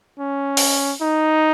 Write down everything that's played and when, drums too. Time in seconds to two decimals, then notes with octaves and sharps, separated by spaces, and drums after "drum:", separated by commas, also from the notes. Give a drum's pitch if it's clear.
0.19 C#4
0.57 drum: open hi-hat
1.02 D#4